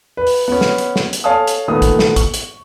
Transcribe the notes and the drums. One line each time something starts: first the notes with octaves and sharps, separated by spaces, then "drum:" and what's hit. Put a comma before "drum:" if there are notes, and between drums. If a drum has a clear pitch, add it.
B4
drum: open hi-hat
B3 C#4
drum: snare
drum: hi-hat
drum: snare
drum: hi-hat
A4 C#5 F5 G#5 A5 D#6
drum: hi-hat
A#2 D#3 A3 B3 D#6
drum: kick, hi-hat
drum: snare
C#6, drum: kick, hi-hat
drum: hi-hat